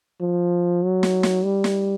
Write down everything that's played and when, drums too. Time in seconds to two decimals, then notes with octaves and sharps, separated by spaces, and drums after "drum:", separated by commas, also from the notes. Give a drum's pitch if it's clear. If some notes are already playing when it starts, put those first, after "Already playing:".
0.21 F3
0.83 F#3
1.03 drum: snare
1.23 drum: snare
1.44 G3
1.64 drum: snare